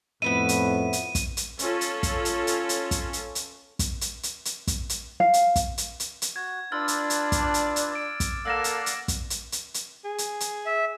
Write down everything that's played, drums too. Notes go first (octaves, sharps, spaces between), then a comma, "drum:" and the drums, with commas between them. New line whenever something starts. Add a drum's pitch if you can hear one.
F2 A2 B3 B4 E5 D#7
drum: hi-hat
drum: hi-hat
drum: kick, hi-hat
drum: hi-hat
C#4 F4 A4, drum: hi-hat
drum: hi-hat
drum: kick, hi-hat
drum: hi-hat
drum: hi-hat
drum: hi-hat
drum: kick, hi-hat
drum: hi-hat
drum: hi-hat
drum: kick, hi-hat
drum: hi-hat
drum: hi-hat
drum: hi-hat
drum: kick, hi-hat
drum: hi-hat
F5
drum: hi-hat
drum: kick, hi-hat
drum: hi-hat
drum: hi-hat
drum: hi-hat
F#4 G#6
D4 F4 B4 E6 F6 A6
drum: hi-hat
drum: hi-hat
drum: kick, hi-hat
drum: hi-hat
drum: hi-hat
D6 A6 D7
drum: kick, hi-hat
A#3 A4 D5 F5 F#5 E6 A#6 E7
drum: hi-hat
drum: hi-hat
drum: kick, hi-hat
drum: hi-hat
drum: hi-hat
drum: hi-hat
G#4
drum: hi-hat
drum: hi-hat
E5